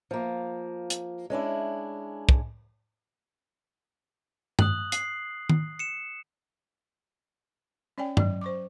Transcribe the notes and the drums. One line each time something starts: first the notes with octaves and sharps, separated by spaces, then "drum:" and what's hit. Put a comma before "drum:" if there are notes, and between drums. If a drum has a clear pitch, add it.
F3 A#3
drum: hi-hat
G#3 C#4 D4 E4
drum: kick
D#6 F#6 F#7, drum: tom G2
C7, drum: hi-hat
drum: tom D#3
C#7 E7
C#4 C#5 D5 G5 G#5
F#3 D5, drum: tom G2
C5 C#6 D6